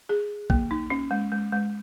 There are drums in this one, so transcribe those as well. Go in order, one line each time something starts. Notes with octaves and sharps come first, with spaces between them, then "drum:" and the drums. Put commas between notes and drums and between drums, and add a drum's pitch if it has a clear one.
G#4
A#3, drum: kick
D#4
C#4
G#3
G#3
G#3